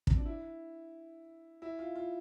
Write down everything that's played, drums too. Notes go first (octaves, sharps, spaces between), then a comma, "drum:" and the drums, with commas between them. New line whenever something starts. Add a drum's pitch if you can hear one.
C4, drum: kick
D4
E4
E4
F4
F4